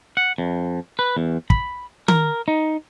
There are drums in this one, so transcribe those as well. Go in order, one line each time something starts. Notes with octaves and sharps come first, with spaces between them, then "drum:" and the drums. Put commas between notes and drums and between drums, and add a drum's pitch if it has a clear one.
F#5
F2
B4
E2
B5, drum: kick
A#4, drum: tom D#3
D#4